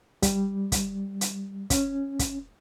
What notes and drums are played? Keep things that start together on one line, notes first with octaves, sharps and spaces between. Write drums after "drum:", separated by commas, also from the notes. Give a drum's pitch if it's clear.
G3, drum: kick, hi-hat
drum: kick, hi-hat
drum: hi-hat
C#4, drum: kick, hi-hat
drum: kick, hi-hat